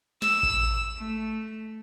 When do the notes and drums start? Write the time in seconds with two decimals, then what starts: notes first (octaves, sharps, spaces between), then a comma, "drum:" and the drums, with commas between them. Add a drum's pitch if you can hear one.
0.22 E6, drum: snare
0.43 drum: kick A1
0.98 A3